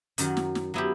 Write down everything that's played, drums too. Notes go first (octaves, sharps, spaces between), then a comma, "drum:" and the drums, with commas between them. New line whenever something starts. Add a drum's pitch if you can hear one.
F#2 D#3 F#3, drum: hi-hat
drum: snare
drum: snare
F#3 B3 E4 G4